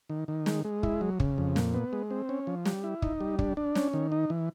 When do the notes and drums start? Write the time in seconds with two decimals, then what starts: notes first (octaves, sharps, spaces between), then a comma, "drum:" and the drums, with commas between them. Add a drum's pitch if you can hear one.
0.10 D#3
0.28 D#3
0.46 G#3, drum: snare
0.65 G#3
0.83 E4, drum: kick
1.01 F#3
1.20 C#3, drum: kick
1.38 F2
1.56 A#2, drum: snare
1.74 B3
1.93 G#3
2.11 C4
2.29 C#4
2.47 F3
2.65 G3, drum: snare
2.84 E4
3.02 D#4, drum: kick
3.20 G3
3.39 D4, drum: kick
3.57 D4
3.75 C#4, drum: snare
3.93 D#3
4.12 D#4
4.30 E3